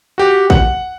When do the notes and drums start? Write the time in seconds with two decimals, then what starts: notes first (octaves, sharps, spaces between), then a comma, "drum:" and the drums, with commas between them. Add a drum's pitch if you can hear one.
0.18 F#4 G4
0.50 F#5, drum: kick